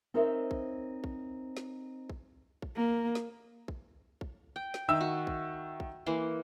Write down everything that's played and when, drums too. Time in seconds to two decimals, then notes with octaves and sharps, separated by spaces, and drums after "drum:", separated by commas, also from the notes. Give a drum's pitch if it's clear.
0.14 C4 D#4 A#4 C5 C#5 E5
0.51 drum: kick
1.04 drum: kick
1.57 drum: snare
2.10 drum: kick
2.62 drum: kick
2.76 A#3
3.15 drum: snare
3.68 drum: kick
4.21 drum: kick
4.56 G5
4.74 drum: snare
4.88 D#3 E5 E6
5.01 F#4
5.27 drum: kick
5.80 drum: kick
6.06 E3 A#3 C6